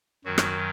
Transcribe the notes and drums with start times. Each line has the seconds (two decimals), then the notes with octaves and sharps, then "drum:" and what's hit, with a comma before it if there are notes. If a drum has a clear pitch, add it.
0.25 F#2 D#3 F#3 F#4
0.38 drum: rim click